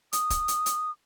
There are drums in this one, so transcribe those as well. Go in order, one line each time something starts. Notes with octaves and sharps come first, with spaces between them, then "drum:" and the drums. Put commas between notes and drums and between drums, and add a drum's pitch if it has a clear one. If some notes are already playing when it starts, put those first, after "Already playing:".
D#6, drum: hi-hat
drum: kick, hi-hat
drum: hi-hat
drum: hi-hat